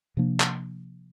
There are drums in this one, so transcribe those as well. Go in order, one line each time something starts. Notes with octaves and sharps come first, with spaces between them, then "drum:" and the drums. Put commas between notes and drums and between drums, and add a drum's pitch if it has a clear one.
C3 F3 A#3 D4
drum: clap